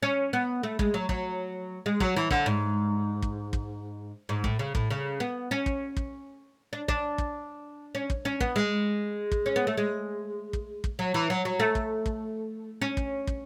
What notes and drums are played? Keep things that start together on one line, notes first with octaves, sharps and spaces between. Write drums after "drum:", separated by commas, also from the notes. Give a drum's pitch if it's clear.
C#4
B3
A3
G#3, drum: kick
F#3
F#3, drum: kick
G#3
F#3, drum: kick
E3
D3, drum: kick
G#2
drum: kick
drum: kick
G#2
A2, drum: kick
C#3
A2, drum: kick
C#3
B3
C#4
drum: kick
drum: kick
D4
D4, drum: kick
drum: kick
C#4
drum: kick
C#4
B3, drum: kick
G#3
drum: kick
C#4
B3
A3
G#3
drum: kick
drum: kick
F#3
E3
F#3
F#3
A3
drum: kick
drum: kick
C#4
drum: kick
drum: kick